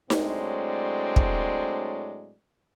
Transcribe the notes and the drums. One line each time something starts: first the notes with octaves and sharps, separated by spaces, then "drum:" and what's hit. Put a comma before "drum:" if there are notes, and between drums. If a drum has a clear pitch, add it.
A2 F#3 G#3 C4 D4 D5, drum: snare D#4
drum: kick